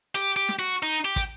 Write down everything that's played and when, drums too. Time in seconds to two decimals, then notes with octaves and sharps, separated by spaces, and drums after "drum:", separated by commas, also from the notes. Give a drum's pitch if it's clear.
0.15 G4, drum: hi-hat
0.37 G4
0.48 drum: snare
0.59 F#4
0.83 D#4
1.05 G4
1.16 drum: kick, hi-hat